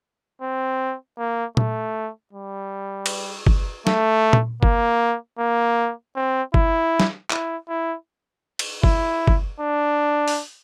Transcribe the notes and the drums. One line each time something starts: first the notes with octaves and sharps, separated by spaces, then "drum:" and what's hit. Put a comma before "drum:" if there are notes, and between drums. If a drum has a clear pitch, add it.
C4
A#3
A3, drum: tom A#2
G3
drum: cymbal
drum: kick G1
A3, drum: snare
drum: tom A#2
A#3, drum: kick G1
A#3
C4
E4, drum: kick G1
drum: snare
E4, drum: clap
E4
drum: cymbal
E4, drum: kick G1
drum: kick G1
D4
drum: open hi-hat